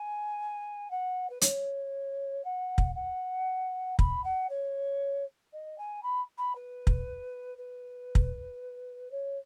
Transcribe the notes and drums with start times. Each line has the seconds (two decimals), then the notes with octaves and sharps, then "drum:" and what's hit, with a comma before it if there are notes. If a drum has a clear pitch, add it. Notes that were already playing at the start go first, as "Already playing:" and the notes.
Already playing: G#5
0.91 F#5
1.30 B4
1.41 C#5, drum: hi-hat
2.44 F#5
2.78 drum: kick
2.95 F#5
3.99 B5, drum: kick
4.24 F#5
4.49 C#5
5.53 D#5
5.78 G#5
6.03 B5
6.38 B5
6.55 B4
6.87 drum: kick
7.58 B4
8.15 drum: kick
9.11 C#5